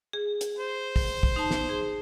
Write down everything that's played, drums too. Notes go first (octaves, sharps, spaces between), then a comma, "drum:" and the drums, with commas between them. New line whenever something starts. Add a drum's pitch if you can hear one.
G#4
drum: hi-hat
C5
drum: kick, open hi-hat
drum: kick
D#4 A5
drum: snare
G#4